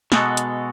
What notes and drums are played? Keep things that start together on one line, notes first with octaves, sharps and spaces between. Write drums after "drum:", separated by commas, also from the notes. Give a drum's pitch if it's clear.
B2 G#3 B3 F#4 A4, drum: snare
drum: hi-hat